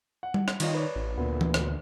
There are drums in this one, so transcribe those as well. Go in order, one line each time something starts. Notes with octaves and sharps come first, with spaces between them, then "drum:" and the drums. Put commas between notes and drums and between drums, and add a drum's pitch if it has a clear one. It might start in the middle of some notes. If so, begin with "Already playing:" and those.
F#5
drum: tom G3
drum: rim click
D#3 D#4 F4 C#5, drum: cymbal
B4 C#5 D5
A1
D2 A#2 B3
drum: tom E3
drum: rim click